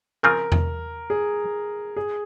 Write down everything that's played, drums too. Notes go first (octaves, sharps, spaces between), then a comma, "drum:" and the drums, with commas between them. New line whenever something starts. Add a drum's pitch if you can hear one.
C#3 F3 C4 F4 A#4
drum: tom E2
G#4
G#4